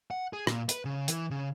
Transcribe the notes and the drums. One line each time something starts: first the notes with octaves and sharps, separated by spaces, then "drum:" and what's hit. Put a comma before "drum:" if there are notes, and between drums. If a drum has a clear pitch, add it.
F#5
G#4
A#2, drum: rim click
B4, drum: hi-hat
C#3
E3, drum: hi-hat
C#3